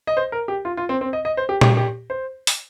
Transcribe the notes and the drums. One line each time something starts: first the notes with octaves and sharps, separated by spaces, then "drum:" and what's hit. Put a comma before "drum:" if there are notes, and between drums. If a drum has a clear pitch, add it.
D#5
C5
A#4
G4
F4
F4
C4
C4
D#5
D#5
C5
G4
G4, drum: tom A#2
G4
C5
drum: open hi-hat